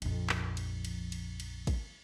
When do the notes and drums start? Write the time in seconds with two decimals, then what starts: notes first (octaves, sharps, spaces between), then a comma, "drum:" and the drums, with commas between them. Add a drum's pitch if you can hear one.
0.02 A#1 F2, drum: cymbal
0.29 drum: clap
0.57 drum: cymbal
0.85 drum: cymbal
1.12 drum: cymbal
1.40 drum: cymbal
1.67 drum: kick, cymbal